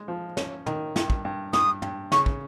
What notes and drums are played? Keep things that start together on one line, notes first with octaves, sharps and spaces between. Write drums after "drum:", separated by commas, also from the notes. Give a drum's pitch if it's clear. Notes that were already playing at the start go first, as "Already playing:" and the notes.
Already playing: G#3
F3
C#4, drum: snare
D#3, drum: tom
G2, drum: snare
drum: kick
G2
G2 D#6, drum: snare
G2, drum: tom
C#3 C#6, drum: snare
drum: kick